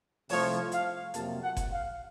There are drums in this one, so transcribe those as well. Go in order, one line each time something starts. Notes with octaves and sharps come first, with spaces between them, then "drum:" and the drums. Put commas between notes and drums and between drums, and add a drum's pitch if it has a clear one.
C2 C3 F3 A3 C#5, drum: open hi-hat
F5, drum: hi-hat
F2 C3 F#3 A#3 A5, drum: hi-hat
F#5
drum: kick F#1, hi-hat
F5